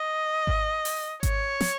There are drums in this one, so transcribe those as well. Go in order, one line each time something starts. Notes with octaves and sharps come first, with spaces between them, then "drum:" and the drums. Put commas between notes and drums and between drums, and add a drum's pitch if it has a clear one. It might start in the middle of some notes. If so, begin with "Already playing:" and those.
Already playing: D#5
drum: kick G#1
drum: open hi-hat
C#5, drum: kick G#1, hi-hat
drum: snare